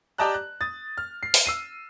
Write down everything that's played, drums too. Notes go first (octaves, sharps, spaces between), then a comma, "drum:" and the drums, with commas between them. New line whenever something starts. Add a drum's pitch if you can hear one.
G4 D5 D#5 A5 A#5 F#6
F#6
D#6 A6
F6
C7
drum: open hi-hat
E6 C7 D#7